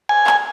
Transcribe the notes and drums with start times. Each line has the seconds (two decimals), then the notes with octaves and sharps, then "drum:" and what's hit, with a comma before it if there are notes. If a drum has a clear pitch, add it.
0.09 G#5
0.27 drum: clap